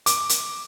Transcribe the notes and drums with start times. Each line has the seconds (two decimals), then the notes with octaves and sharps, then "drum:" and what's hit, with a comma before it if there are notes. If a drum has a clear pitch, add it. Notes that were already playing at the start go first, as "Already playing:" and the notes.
0.06 D6, drum: hi-hat
0.29 drum: hi-hat